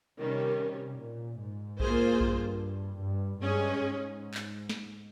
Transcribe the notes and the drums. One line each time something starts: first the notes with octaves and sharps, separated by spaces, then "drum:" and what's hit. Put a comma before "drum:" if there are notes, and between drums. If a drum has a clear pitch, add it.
C3 D#3 G3 C#4
A#2
G#2
A#3 F4 G#4 C5, drum: kick A#1
G2, drum: kick A#1
G2
G2 G#3 C#4 G#4
G#2
drum: clap
drum: snare